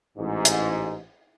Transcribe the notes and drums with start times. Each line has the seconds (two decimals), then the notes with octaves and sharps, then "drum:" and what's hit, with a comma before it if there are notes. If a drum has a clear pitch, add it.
0.18 A1 G#2
0.45 drum: hi-hat